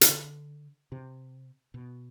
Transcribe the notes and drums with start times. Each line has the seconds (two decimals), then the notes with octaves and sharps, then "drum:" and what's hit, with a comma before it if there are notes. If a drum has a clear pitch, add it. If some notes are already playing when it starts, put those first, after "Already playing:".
0.01 C3, drum: hi-hat
0.09 D3
0.92 C3
1.74 B2